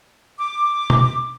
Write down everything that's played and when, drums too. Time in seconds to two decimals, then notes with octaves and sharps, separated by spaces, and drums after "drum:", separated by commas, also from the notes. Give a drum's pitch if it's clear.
0.39 D6
0.90 drum: tom